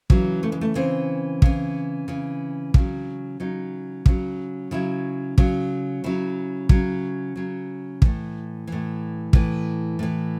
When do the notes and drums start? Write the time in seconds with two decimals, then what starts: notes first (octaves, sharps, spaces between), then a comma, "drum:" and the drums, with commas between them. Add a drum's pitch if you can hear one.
0.10 C#3 E3 F#3, drum: kick
0.43 A3
0.52 G#3
0.61 A3
0.75 C#3 E3 C4
1.42 C#3 E3, drum: kick
2.08 C#3 E3
2.74 C#3 F#3, drum: kick
3.40 C#3 F#3 D#4
4.06 C#3 F#3, drum: kick
4.71 C#3 F#3 E4
5.38 C#3 F#3, drum: kick
6.04 C#3 F#3 E4
6.69 C#3 F#3, drum: kick
7.36 C#3 F#3
8.02 A2 E3, drum: kick
8.67 A2 E3
9.33 A2 E3, drum: kick
9.99 A2 E3